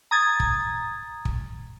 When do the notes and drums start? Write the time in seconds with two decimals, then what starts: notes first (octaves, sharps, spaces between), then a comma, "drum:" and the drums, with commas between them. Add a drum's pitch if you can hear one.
0.11 A#5 D#6 G#6 A6
0.40 drum: kick
1.25 drum: kick